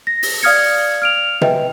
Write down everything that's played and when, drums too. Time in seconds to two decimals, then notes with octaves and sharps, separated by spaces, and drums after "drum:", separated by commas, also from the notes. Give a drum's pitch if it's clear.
0.07 A#6
0.23 drum: open hi-hat
0.43 D5 F5 D#6 F6 G#6 C#7
1.02 F6 D7 F7
1.41 B4 D#5 E5 G5, drum: tom